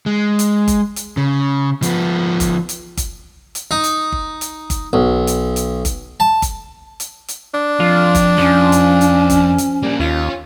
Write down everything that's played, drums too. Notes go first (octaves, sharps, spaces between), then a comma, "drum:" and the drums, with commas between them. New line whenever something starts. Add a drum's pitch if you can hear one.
G#3
drum: hi-hat
drum: kick G1, hi-hat
drum: hi-hat
C#3
F3 B3, drum: hi-hat
drum: kick G1, hi-hat
drum: hi-hat
drum: kick G1, hi-hat
drum: hi-hat
D#4
drum: hi-hat
drum: kick G1
drum: hi-hat
drum: kick G1, hi-hat
B1
drum: hi-hat
drum: hi-hat
drum: kick G1, hi-hat
A5
drum: kick G1, hi-hat
drum: hi-hat
drum: hi-hat
D4
F2 F4
drum: kick G1, hi-hat
F2 F3 C#4
drum: hi-hat
drum: hi-hat
drum: kick G1, hi-hat
drum: hi-hat
G3 A#3 D4
D#2 C#4 F4